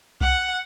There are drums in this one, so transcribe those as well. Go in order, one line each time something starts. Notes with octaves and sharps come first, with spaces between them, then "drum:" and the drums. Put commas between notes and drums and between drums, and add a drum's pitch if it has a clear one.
F#5, drum: kick B1